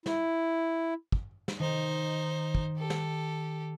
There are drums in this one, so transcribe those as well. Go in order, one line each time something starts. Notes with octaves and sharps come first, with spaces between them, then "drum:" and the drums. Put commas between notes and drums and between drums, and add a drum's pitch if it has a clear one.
E4, drum: snare
drum: kick
drum: snare
D#3 D#4 C5
drum: kick
G4 A4
drum: snare